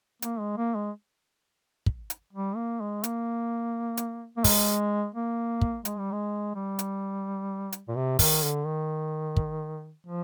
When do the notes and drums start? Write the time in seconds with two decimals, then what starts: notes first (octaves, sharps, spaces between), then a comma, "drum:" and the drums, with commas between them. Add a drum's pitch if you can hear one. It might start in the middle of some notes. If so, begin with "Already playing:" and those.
0.22 A#3, drum: hi-hat
0.40 G#3
0.58 A#3
0.75 G#3
1.86 drum: kick
2.10 drum: hi-hat
2.33 G3
2.56 A#3
2.81 G#3
3.04 A#3, drum: hi-hat
3.97 drum: hi-hat
4.37 A#3
4.44 G#3, drum: kick, open hi-hat
5.15 A#3
5.61 drum: kick
5.85 G#3, drum: hi-hat
5.99 G3
6.12 G#3
6.55 G3
6.79 drum: hi-hat
7.72 drum: hi-hat
7.88 A#2
7.96 C3
8.19 D#3, drum: kick, open hi-hat
8.43 D3
8.66 D#3
9.37 drum: kick
10.07 F3